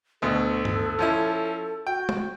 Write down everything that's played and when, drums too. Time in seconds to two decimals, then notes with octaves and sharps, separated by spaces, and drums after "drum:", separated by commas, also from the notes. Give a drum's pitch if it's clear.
0.22 D2 B2 A4
0.65 drum: tom G2
0.99 F3 C#4 E4
1.87 F#4 G5
2.09 drum: tom G#3